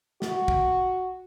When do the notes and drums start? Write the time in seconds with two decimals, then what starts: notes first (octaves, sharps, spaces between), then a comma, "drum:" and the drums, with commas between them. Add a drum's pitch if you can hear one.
0.22 F#4, drum: snare
0.48 drum: kick